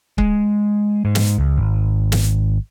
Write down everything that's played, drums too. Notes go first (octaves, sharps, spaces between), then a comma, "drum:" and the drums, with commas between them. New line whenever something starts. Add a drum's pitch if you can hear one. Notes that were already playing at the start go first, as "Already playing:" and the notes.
G#3, drum: kick C#1
G#2
drum: snare
C#2
G#1
drum: snare